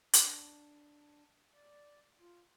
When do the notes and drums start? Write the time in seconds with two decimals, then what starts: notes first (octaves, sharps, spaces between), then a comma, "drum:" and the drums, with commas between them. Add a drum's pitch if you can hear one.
0.13 D4, drum: hi-hat
1.54 D5
2.19 F4